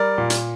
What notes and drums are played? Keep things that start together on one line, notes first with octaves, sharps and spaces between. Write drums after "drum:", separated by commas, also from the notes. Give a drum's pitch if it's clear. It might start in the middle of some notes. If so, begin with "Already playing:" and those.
Already playing: G3 A#4 D5
A#2
drum: hi-hat